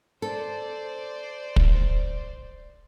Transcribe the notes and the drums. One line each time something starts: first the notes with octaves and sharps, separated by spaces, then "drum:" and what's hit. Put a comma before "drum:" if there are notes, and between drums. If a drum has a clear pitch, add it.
A4 C5 D5
drum: kick